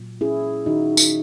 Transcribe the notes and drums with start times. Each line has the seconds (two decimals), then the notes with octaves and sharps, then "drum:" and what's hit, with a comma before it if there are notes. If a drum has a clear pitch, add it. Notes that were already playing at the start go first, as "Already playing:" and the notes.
Already playing: A#2 F#3
0.21 C#4 E4 G#4
0.66 D#3 D#4 F#4
0.97 drum: tambourine